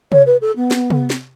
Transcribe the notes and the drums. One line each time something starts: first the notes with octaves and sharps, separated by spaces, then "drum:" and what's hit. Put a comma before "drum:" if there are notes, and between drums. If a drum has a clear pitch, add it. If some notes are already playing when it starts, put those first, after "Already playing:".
C#5, drum: tom C3
B4
A4
B3
drum: snare
drum: tom C3
drum: snare